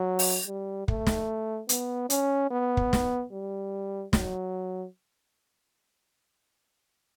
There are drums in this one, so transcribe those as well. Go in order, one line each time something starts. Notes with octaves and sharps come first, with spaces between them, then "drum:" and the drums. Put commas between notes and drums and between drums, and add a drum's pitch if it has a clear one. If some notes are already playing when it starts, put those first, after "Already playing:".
Already playing: F#3
drum: open hi-hat
G3
A3, drum: kick
drum: snare
B3, drum: hi-hat
C#4, drum: hi-hat
B3
drum: kick
drum: snare
G3
F#3, drum: snare